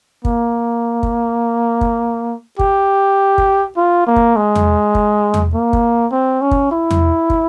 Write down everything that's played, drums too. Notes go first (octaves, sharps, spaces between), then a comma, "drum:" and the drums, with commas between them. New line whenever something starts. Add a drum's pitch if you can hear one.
A#3, drum: kick
drum: kick
drum: kick
G4, drum: kick
drum: kick
F4
A#3
drum: kick
G#3
drum: tom E2
drum: kick
drum: tom E2
A#3
drum: kick
C4
C#4
drum: kick
E4
drum: tom E2
drum: kick